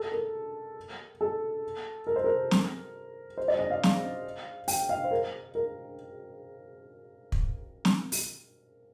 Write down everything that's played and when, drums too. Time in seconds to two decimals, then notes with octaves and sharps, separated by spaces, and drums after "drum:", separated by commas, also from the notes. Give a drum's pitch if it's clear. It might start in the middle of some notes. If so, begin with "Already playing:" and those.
Already playing: A4
0.12 A#4
1.21 A4
2.07 A#4
2.16 C5
2.24 A#4
2.51 drum: snare
3.38 C5
3.48 D5
3.59 D#5
3.70 F5
3.83 drum: snare
4.68 G5, drum: open hi-hat
4.89 F5
5.04 C5
5.11 A#4
5.55 A#4
7.32 drum: kick
7.85 drum: snare
8.12 drum: open hi-hat